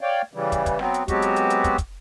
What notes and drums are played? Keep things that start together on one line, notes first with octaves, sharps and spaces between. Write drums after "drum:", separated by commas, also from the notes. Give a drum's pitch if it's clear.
C#5 D5 F5 G5
C#3 E3 G3
drum: kick, hi-hat
drum: kick, hi-hat
F#3 B3 C4, drum: snare
drum: hi-hat
F#3 G#3 B3 C4 F#4 G4, drum: kick, hi-hat
drum: hi-hat
drum: hi-hat
drum: hi-hat
drum: kick, hi-hat
drum: kick, hi-hat